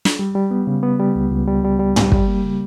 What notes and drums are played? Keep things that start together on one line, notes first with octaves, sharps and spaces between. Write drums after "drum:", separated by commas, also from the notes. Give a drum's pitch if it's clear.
drum: snare
G3
G3
B3
C#3
B3
G3
C#2
C#2
G3
G3
G3
G3, drum: tom
G3, drum: kick
A#3
C#3